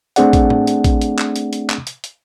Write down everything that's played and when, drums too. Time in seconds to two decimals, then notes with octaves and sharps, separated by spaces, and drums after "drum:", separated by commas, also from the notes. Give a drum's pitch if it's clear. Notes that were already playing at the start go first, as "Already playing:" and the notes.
0.16 A3 C4 D4 G#4 D5 F#5, drum: hi-hat
0.33 drum: kick, hi-hat
0.50 drum: tom
0.67 drum: hi-hat
0.84 drum: kick, hi-hat
1.01 drum: hi-hat
1.19 drum: clap
1.36 drum: hi-hat
1.53 drum: hi-hat
1.70 drum: clap
1.87 drum: hi-hat
2.04 drum: hi-hat